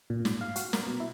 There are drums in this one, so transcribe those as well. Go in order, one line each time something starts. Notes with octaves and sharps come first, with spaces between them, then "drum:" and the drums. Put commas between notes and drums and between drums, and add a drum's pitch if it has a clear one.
A#2
G#2, drum: snare
F5
F#4, drum: hi-hat
A#4, drum: snare
B2
E4